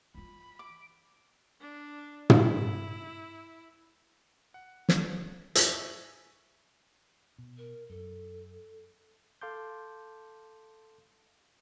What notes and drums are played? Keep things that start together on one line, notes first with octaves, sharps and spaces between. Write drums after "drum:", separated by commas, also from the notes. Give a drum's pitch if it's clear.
E3 F4 B5
D6 D7
D4
E4, drum: tom
F#5
drum: snare
E5 G#5 C#6 G#6, drum: hi-hat
B2
A#4
F#2 A4
A4 F5 A5 C6 D6 G6